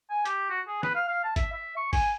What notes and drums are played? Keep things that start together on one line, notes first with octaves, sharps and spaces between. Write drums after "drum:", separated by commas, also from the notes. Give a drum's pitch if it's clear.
G#5
G4, drum: hi-hat
F#4
G#4
B4, drum: snare
F5
F5
A5
E5, drum: kick G1, hi-hat
E5
C#6
G#5, drum: kick G1, open hi-hat